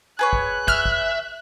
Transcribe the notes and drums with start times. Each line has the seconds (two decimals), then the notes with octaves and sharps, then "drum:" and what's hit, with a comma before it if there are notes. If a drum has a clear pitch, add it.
0.19 G#4 B4 C#5 F#6
0.33 drum: kick
0.68 E5 F6, drum: kick
0.86 drum: kick